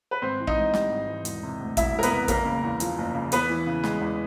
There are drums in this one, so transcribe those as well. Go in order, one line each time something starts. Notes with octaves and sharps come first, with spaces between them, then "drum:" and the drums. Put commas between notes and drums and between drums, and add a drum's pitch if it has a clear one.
B4
G#1 C4 C5
E3
D#4 D#5, drum: kick
G#2
G3, drum: snare
G#1
E3
E1, drum: hi-hat
C3
D2
E1 E4 E5, drum: kick, hi-hat
E1 A#4
B3 B4, drum: hi-hat
C3
F#1 A#3 A#4, drum: kick, hi-hat
C#3
E2
F3, drum: hi-hat
F#1
C#3
E2 B3 B4, drum: hi-hat
E3
C#3
G#3, drum: snare
E2